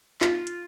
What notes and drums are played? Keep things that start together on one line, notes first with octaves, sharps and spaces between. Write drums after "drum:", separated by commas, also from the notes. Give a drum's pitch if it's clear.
F4, drum: clap
drum: hi-hat